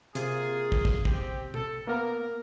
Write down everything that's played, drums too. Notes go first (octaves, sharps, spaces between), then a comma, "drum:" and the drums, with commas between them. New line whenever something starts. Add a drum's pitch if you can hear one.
C3 A#3 F4 G#4, drum: hi-hat
drum: kick
drum: kick
C4 G4, drum: kick
A4, drum: tom
A#3 B3 A#4 F5